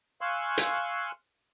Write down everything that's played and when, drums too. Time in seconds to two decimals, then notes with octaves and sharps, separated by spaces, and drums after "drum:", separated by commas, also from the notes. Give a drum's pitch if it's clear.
0.21 F5 G#5 C6 C#6 E6 F#6
0.58 drum: hi-hat